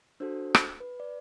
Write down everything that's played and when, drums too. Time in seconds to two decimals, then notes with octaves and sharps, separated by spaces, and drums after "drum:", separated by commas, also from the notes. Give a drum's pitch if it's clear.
0.20 D4 F#4 A4 C5
0.55 drum: rim click
0.80 B4
1.00 D5